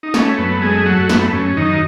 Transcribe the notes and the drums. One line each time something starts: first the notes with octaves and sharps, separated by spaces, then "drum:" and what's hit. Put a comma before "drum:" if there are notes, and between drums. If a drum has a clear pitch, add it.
D#4
A3 C#4, drum: snare
F#2 B3
G#3 A3 G#4
F#3 A3 F#4
F#2 B3, drum: snare
B3
F#2 C#4
F#2 D#3 D#4